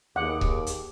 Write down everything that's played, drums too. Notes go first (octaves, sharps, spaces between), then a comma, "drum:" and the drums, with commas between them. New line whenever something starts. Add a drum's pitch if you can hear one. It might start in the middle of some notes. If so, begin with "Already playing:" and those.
D#2 G#4 F#5 D6
drum: kick C#1
drum: hi-hat